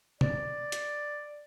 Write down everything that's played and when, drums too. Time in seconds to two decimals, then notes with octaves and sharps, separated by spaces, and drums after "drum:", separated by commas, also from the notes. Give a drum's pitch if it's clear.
0.21 D5, drum: tom C3
0.72 drum: hi-hat